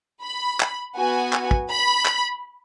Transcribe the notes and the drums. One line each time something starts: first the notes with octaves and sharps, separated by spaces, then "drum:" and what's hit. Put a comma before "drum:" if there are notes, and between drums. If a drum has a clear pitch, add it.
B5
drum: clap
B3 F#4 G#5
drum: clap
drum: kick
B5
drum: clap